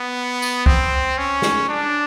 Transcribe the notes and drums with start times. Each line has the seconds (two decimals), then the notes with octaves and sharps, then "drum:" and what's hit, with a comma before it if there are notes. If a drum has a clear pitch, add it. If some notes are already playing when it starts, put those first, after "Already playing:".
Already playing: B3
0.42 drum: tambourine
0.66 C4, drum: kick C2
1.18 C#4
1.42 drum: snare
1.69 D4